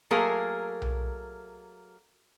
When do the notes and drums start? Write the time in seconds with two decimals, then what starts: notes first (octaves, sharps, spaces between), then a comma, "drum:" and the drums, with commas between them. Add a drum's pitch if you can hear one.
0.11 F#3 A3 A#3 G#4 A#4 A#5
0.82 drum: tom B1